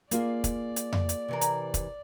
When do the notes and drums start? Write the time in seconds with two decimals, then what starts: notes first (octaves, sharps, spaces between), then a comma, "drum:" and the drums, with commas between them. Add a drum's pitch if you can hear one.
0.11 A#3 F4 G#4 D5, drum: hi-hat
0.44 drum: kick, hi-hat
0.76 drum: hi-hat
0.93 drum: tom F2
1.09 drum: hi-hat
1.28 C3 E3 A#4
1.41 drum: hi-hat
1.74 drum: kick, hi-hat